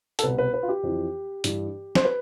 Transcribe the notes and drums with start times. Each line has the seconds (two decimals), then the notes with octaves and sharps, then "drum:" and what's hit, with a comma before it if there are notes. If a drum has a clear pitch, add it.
0.19 A4, drum: hi-hat
0.23 C2 B2 B4
0.38 B4
0.54 B4
0.63 F4
0.69 G4
0.83 F2 E3
1.44 G2 E3, drum: hi-hat
1.95 C5, drum: snare
2.05 B4